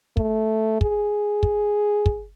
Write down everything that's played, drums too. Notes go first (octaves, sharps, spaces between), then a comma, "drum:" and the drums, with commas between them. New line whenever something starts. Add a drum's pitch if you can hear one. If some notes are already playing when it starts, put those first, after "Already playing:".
A3, drum: kick
G#4, drum: kick
drum: kick
drum: kick